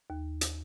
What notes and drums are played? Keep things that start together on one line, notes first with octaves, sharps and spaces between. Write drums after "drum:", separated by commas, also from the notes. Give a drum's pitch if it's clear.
D#2
drum: hi-hat